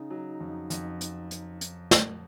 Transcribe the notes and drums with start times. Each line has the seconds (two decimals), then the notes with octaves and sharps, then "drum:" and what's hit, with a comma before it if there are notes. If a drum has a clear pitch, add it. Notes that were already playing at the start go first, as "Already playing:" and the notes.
Already playing: C#3 D#4
0.10 F#3
0.41 F2
0.70 F2, drum: hi-hat
1.01 drum: hi-hat
1.31 drum: hi-hat
1.61 drum: hi-hat
1.91 drum: snare